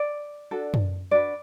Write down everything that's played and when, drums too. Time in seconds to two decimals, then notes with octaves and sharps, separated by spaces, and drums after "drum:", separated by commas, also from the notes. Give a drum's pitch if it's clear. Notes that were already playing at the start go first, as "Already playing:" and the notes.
Already playing: D5
0.51 D4 F#4 A4
0.74 drum: tom F#2
1.11 D4 F#4 B4 D5